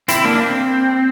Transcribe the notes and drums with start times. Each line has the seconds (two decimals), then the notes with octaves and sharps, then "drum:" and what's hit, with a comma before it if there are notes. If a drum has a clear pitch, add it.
0.08 C4 E4, drum: hi-hat
0.25 A#3 D4
0.35 D4
0.42 C4